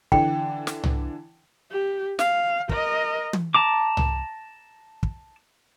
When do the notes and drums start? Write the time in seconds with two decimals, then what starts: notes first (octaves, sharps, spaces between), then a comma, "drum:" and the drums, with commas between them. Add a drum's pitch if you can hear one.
0.12 D3 E3 D4 G5, drum: kick
0.67 drum: snare
0.84 drum: tom C2
1.71 G4
2.19 F5, drum: snare
2.69 A#4 D#5, drum: kick
3.33 drum: tom
3.54 A5 A#5 D6
3.97 drum: tom C2
5.03 drum: kick